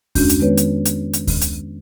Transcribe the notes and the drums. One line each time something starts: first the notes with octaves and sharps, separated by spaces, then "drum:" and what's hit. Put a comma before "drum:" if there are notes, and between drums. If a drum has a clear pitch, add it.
F2 G#3 C#4 D4 F#4 G6, drum: kick D2, open hi-hat
drum: hi-hat
D#3 G#3 B3 B4 C#5
drum: hi-hat
drum: hi-hat
drum: hi-hat
drum: kick D2, open hi-hat
drum: hi-hat